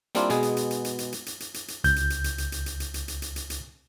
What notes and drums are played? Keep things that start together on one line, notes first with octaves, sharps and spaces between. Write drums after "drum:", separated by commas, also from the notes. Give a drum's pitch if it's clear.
G3 A#3 C4 D4 E4 F4, drum: hi-hat
B2 G#3 B3 G#4, drum: hi-hat
drum: hi-hat
drum: hi-hat
drum: hi-hat
drum: hi-hat
drum: hi-hat
drum: hi-hat
drum: hi-hat
drum: hi-hat
drum: hi-hat
drum: hi-hat
C#2 G6, drum: hi-hat
drum: hi-hat
drum: hi-hat
drum: hi-hat
drum: hi-hat
drum: hi-hat
drum: hi-hat
drum: hi-hat
drum: hi-hat
drum: hi-hat
drum: hi-hat
drum: hi-hat
drum: hi-hat